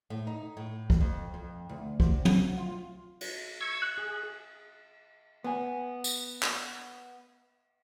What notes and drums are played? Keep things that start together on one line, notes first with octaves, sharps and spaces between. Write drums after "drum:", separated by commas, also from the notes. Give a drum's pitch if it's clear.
A2
D#4
A2
drum: kick
F2
F2
D2
C3, drum: kick
F#4, drum: tom
F4
drum: cymbal
C#6 E6 G#6
F#6
G#4
B3 G#5
drum: tambourine
drum: clap